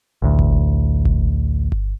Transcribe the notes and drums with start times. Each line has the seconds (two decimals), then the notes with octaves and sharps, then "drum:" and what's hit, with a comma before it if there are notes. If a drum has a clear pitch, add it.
0.22 A1 D2
0.39 drum: kick G1
1.05 drum: kick G1
1.72 drum: kick G1